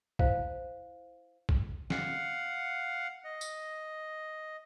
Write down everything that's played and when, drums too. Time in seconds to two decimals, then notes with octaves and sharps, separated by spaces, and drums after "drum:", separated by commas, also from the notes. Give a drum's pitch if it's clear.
0.19 E4 C5 F5, drum: kick
1.49 drum: kick
1.90 F5 F#5, drum: snare
3.24 D#5
3.41 drum: tambourine